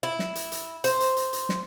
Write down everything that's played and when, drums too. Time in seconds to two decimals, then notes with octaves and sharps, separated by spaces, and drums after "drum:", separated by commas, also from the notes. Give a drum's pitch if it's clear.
0.03 E4
0.19 drum: snare
0.35 drum: hi-hat
0.52 drum: hi-hat
0.84 C5, drum: hi-hat
1.00 drum: hi-hat
1.17 drum: hi-hat
1.33 drum: hi-hat
1.49 drum: snare